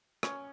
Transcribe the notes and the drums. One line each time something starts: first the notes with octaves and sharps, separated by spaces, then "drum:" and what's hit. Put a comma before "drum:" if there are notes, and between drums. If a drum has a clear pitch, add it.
C#4, drum: rim click